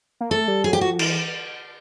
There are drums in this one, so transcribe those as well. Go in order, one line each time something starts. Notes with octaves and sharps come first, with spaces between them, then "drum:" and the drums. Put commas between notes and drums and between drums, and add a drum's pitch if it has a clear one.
A#3
A3 A4
G3
F#3 G#4
G4
F3 F#4
E3, drum: cymbal